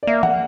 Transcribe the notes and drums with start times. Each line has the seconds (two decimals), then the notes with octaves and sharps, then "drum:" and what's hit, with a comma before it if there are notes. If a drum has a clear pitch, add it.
0.03 D5
0.07 A#3 E5
0.23 F#5, drum: tom E3